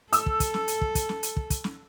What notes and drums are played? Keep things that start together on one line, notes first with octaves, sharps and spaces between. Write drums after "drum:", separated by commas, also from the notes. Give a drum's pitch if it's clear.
A4 E6, drum: hi-hat
drum: kick
drum: kick, hi-hat
drum: snare
drum: hi-hat
drum: kick
drum: kick, hi-hat
drum: snare
drum: hi-hat
drum: kick
drum: kick, hi-hat
drum: snare